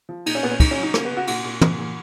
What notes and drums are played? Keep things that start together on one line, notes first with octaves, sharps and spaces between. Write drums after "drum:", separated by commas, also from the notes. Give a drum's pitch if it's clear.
F3
A#2 D#4, drum: cymbal
C#4
A#2 B3
C#4
C#3 D#4, drum: kick, cymbal
C#4
F#3
D#4
C#3 A#3, drum: rim click
B3
C#3
F#4
A#2 F#4, drum: cymbal
A#2
A#2, drum: tom
A#2